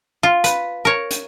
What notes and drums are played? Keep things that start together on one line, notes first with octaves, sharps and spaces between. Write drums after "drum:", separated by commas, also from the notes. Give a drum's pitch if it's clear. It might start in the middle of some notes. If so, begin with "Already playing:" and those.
F4
B4, drum: hi-hat
A#4 C#5
drum: hi-hat